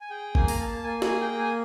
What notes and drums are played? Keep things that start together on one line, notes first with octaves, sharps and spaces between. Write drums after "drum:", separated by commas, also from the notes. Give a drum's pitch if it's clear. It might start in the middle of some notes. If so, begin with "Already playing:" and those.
G#5
G#4 G5
A#3 G#5, drum: kick G#1
A#5, drum: open hi-hat
A#3 A5
A#3 G#5
G#5, drum: snare
G#4
G5
A#3
G#5